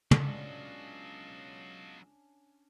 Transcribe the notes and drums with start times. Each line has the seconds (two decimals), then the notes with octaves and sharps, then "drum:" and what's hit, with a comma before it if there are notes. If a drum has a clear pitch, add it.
0.11 C#2 F#3 B3 C#4 D4 D#5 F5 A5, drum: tom